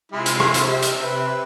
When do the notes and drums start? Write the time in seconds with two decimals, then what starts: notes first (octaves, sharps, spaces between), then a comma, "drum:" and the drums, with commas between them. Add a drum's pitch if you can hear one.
0.12 C3 G#3 E4 F4
0.26 drum: hi-hat
0.40 drum: rim click
0.54 drum: hi-hat
0.68 E5
0.82 drum: hi-hat
1.03 B4